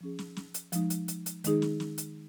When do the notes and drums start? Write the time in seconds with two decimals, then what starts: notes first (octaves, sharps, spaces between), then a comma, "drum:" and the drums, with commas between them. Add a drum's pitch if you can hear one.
0.01 F3 C#4 G#4
0.19 drum: snare
0.37 drum: snare
0.54 drum: hi-hat
0.73 F3 G#3 D#4, drum: hi-hat
0.90 drum: hi-hat
1.08 drum: hi-hat
1.26 drum: hi-hat
1.44 D#3 G#3 D#4 G#4, drum: hi-hat
1.62 drum: snare
1.80 drum: snare
1.98 drum: hi-hat